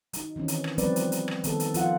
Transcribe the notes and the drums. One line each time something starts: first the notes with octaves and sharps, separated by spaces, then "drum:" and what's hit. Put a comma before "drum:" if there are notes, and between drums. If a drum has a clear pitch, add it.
F#3 D#4, drum: hi-hat
D#3 E3 C4 C#4
drum: hi-hat
drum: rim click
F3 G3 B3 C4 B4 D5, drum: hi-hat
drum: hi-hat
drum: hi-hat
drum: rim click
D#3 B3 A4, drum: hi-hat
drum: hi-hat
F3 F4 F#5, drum: hi-hat